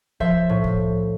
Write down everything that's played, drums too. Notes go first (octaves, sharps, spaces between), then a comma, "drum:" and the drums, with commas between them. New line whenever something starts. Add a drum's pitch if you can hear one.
F3 C5 E5, drum: kick C2
A2
drum: kick C2